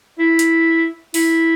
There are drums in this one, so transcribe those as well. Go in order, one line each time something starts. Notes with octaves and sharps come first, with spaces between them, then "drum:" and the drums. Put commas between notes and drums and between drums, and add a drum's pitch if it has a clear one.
E4
drum: hi-hat
E4, drum: open hi-hat